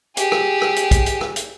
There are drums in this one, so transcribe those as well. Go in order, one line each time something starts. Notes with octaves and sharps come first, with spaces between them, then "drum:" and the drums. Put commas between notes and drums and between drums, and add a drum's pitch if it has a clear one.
G4 G#4, drum: hi-hat
drum: rim click
drum: rim click
drum: hi-hat
drum: kick, hi-hat
drum: hi-hat
drum: rim click
drum: hi-hat